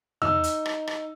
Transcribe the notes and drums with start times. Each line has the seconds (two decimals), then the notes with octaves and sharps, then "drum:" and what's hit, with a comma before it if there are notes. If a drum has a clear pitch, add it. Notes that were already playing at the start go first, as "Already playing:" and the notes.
0.22 D#4 E6, drum: tom E2
0.44 drum: hi-hat
0.66 drum: rim click
0.87 drum: rim click